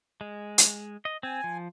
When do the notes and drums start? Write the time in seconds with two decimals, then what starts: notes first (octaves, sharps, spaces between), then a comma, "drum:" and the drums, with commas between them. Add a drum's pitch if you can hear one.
0.21 G#3
0.58 drum: hi-hat
1.05 D#5
1.23 C4 G#5
1.44 F3